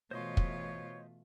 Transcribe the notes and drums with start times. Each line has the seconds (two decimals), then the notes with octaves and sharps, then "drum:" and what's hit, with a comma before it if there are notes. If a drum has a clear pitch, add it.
0.11 B2 E3 A3 F4 C5 C#5 D#5 C6
0.37 drum: kick